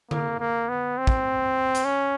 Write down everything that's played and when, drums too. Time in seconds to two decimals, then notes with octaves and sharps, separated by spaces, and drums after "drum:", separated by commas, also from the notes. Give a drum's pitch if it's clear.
0.11 A#3, drum: tom D3
0.40 A#3
0.69 B3
0.98 C4
1.07 drum: kick
1.75 drum: hi-hat
1.85 C#4